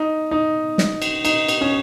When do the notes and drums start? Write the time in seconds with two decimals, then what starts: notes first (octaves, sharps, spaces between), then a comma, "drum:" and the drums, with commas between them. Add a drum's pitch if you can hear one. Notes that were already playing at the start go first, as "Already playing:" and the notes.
Already playing: D#4
0.31 D#4
0.78 drum: snare
1.02 drum: cymbal
1.25 D#4, drum: cymbal
1.48 drum: cymbal
1.61 C#4